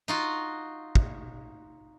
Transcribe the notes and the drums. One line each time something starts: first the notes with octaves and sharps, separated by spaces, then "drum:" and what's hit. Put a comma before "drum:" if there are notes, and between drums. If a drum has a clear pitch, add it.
D#4 F4 F#4
drum: kick